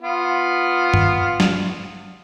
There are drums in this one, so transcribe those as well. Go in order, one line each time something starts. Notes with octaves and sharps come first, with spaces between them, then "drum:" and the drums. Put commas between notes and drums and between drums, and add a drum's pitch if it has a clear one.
B3 F4
drum: tom G2
drum: snare